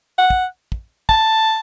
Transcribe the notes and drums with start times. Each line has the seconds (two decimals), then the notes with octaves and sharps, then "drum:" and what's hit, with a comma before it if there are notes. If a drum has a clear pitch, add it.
0.18 F#5
0.30 drum: kick
0.72 drum: kick
1.09 A5, drum: kick